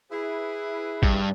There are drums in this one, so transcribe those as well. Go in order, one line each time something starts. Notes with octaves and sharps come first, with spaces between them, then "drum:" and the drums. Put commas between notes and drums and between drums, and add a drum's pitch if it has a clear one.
E4 G#4 B4
G2, drum: kick A1